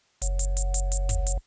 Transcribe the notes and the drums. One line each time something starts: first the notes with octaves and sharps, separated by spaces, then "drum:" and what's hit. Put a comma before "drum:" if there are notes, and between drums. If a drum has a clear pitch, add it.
F#1, drum: hi-hat
drum: hi-hat
drum: hi-hat
drum: hi-hat
drum: hi-hat
drum: kick, hi-hat
drum: hi-hat